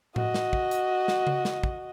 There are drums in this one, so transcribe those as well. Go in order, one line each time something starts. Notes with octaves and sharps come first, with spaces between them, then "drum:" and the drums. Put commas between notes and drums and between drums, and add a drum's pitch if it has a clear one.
F#4 D#5, drum: tom A2
drum: snare
drum: kick
drum: hi-hat
drum: snare
drum: tom C#3
drum: snare
drum: kick